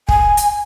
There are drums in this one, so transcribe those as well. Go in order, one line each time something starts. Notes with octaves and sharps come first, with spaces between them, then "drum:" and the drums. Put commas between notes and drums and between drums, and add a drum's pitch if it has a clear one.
G#5, drum: kick
drum: hi-hat